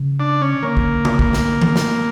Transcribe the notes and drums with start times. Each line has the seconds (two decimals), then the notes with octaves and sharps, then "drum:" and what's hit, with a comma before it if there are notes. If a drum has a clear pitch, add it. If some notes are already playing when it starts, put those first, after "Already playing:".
Already playing: C#3
0.20 D4
0.42 C#4
0.62 D3 A#3
0.77 drum: kick
1.05 drum: tom C#3
1.19 drum: kick
1.33 drum: snare
1.61 drum: tom D#3
1.76 drum: snare